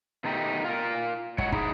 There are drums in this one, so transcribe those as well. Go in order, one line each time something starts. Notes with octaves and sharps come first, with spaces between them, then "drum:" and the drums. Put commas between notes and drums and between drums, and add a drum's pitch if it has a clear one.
B2 D#3 A3 D#4 G4
F4 A#4
G#3 C#5 F#5, drum: kick
D#4 E4 G#4, drum: kick